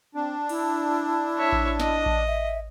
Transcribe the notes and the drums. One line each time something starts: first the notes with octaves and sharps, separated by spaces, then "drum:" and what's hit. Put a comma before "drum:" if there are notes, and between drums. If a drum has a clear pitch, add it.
C4 D4
E4, drum: cymbal
C#5 E5
drum: kick A1
D#5, drum: snare
drum: kick A1
E5